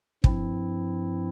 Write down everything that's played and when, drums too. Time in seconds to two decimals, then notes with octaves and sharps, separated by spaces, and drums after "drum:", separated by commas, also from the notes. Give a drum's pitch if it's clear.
0.24 G2 F3 C4 E4, drum: kick